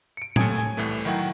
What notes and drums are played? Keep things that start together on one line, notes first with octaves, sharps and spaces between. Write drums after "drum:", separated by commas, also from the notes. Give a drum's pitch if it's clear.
C#7 D7
D#2 A3 C#5 G#5 D#6 G#6, drum: tom A2
G#5
C2 A2 E3 A3
D#3 F#3 E4 F#4 F#5 G5